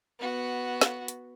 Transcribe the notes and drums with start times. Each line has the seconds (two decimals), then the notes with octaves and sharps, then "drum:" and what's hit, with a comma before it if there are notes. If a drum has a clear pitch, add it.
0.19 B3 F#4
0.81 drum: snare
1.08 drum: hi-hat